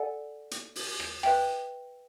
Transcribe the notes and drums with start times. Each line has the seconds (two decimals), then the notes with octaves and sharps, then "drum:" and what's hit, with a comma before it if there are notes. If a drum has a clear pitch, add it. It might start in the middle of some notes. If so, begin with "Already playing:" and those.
Already playing: A4 D5 F#5 G#5
0.51 drum: hi-hat
0.75 drum: open hi-hat
1.00 drum: rim click
1.23 B4 E5 G5, drum: rim click